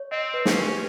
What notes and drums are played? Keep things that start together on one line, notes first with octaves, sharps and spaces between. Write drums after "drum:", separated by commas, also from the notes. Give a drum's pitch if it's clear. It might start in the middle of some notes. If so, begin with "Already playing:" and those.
Already playing: C#5
C4 D#5
B4
C#4, drum: snare
G4